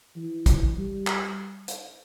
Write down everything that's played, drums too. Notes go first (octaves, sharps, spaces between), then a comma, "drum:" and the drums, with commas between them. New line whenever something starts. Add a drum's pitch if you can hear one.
E3
drum: kick, hi-hat
G3
drum: clap
drum: hi-hat